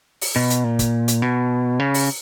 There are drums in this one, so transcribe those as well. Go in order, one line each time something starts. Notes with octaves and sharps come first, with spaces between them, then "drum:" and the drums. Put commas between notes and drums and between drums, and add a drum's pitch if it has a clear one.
drum: open hi-hat
B2
drum: hi-hat
A#2
drum: kick, hi-hat
drum: hi-hat
B2
C#3
drum: open hi-hat